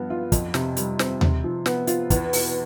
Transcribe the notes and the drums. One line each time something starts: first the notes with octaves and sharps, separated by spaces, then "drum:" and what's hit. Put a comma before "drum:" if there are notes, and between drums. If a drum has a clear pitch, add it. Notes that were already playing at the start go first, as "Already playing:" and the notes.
Already playing: G2 F3 B3
F4
F2, drum: kick, hi-hat
C3, drum: snare
G3, drum: hi-hat
C4, drum: snare
C3, drum: tom D#2
F3
B3, drum: snare
F4, drum: hi-hat
E2, drum: kick, hi-hat
B2, drum: open hi-hat